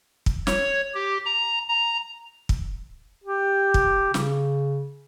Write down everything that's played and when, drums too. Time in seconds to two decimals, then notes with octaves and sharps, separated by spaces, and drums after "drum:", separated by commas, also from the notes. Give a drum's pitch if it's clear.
0.26 drum: kick
0.47 C#5, drum: snare
0.94 G4
1.26 A#5
1.69 A#5
2.49 drum: kick
3.24 G4
3.74 drum: kick
4.14 C#3, drum: snare